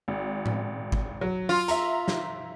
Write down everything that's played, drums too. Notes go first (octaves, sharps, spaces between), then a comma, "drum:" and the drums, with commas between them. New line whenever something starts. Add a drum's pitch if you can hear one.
G#1
drum: tom A2
drum: kick G1
F#3
F4
E5 A#5, drum: hi-hat
drum: snare